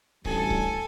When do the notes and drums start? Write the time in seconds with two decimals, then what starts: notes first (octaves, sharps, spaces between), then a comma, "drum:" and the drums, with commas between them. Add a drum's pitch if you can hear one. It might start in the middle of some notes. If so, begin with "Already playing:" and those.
0.25 A1 D2 G3 A4 G#5, drum: kick C#1
0.50 drum: kick C#1